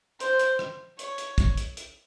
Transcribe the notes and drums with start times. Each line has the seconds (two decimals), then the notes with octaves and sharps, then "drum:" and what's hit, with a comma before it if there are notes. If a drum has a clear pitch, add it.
0.20 C5, drum: hi-hat
0.39 drum: hi-hat
0.59 drum: rim click
0.99 C#5, drum: hi-hat
1.18 drum: hi-hat
1.38 drum: kick, hi-hat
1.57 drum: hi-hat
1.77 drum: hi-hat